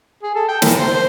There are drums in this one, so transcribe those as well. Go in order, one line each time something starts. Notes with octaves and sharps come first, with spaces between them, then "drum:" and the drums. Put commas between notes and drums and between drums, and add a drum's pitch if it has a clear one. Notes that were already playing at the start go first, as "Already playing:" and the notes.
G#4
A4
G5
A#4, drum: snare
C5
C5